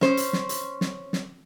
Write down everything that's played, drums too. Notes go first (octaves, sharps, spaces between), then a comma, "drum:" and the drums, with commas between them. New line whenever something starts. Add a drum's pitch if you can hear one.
C#4 C5, drum: snare
drum: hi-hat
drum: snare
drum: hi-hat
drum: snare
drum: snare